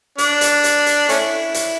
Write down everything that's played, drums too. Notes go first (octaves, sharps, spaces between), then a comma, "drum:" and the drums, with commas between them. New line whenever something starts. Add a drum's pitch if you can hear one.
D4, drum: hi-hat
drum: hi-hat
drum: hi-hat
drum: hi-hat
A3 C#4 E4, drum: hi-hat
drum: hi-hat